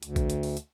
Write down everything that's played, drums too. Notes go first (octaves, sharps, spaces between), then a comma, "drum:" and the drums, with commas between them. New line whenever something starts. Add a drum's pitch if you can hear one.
D2, drum: hi-hat
drum: kick A#1, hi-hat
drum: hi-hat
drum: open hi-hat
drum: hi-hat